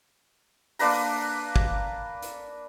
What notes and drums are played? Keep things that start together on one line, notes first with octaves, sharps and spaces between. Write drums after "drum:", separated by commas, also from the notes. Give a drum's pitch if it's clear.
A#3 D4 B4 A#5, drum: open hi-hat
drum: kick
drum: hi-hat